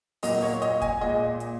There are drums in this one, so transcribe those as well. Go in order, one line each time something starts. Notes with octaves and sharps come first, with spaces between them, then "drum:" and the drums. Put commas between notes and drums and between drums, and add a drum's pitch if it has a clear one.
A#2 F#3 A#3 D#5, drum: open hi-hat
C#5
D#5, drum: hi-hat
G#5, drum: kick, hi-hat
A#2 G#3 D#5
drum: hi-hat